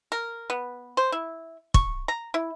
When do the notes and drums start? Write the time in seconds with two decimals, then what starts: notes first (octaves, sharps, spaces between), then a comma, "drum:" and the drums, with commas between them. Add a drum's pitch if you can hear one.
0.12 A#4
0.50 B3
0.97 C5
1.12 E4
1.74 C#6, drum: kick
2.08 A#5
2.34 E4